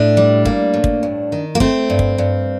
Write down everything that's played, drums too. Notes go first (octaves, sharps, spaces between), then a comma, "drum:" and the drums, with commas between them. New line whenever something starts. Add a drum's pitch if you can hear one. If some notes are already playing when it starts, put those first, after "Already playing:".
Already playing: A2 D4
G3
A#3, drum: kick
A2
drum: kick
G2
D#3
A#3
A3 C4, drum: kick
G2
drum: kick
G2